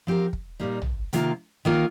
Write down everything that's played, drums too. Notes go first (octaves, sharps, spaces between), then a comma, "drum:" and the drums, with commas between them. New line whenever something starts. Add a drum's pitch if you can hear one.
F3 C4 G4 A#4
drum: kick
A#2 G3 A#3 D#4
drum: tom
C3 D#3 A#3 F4, drum: hi-hat
D#3 A#3 F4 A#4